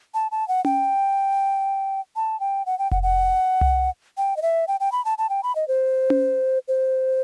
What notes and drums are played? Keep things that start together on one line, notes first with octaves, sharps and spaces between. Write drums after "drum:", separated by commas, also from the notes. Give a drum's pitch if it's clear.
A5
A5
F#5
G5, drum: tom C#4
A5
G5
F#5
G5
F#5, drum: kick F1
F#5
drum: tom C2
G5
D#5
E5
G5
G5
B5
A5
A5
G5
B5
D#5
C5
drum: tom C#4
C5